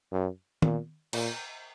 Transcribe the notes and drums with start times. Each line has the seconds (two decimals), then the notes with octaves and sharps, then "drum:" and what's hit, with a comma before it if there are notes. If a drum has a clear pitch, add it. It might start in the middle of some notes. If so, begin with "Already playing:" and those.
0.12 F#2
0.62 A#2, drum: tom D#3
1.13 A#2, drum: cymbal